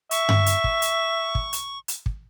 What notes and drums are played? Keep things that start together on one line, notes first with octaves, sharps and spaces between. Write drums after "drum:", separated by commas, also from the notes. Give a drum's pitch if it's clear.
E5 C#6, drum: hi-hat
drum: tom G2
drum: hi-hat
drum: kick
drum: hi-hat
drum: kick
drum: hi-hat
drum: hi-hat
drum: kick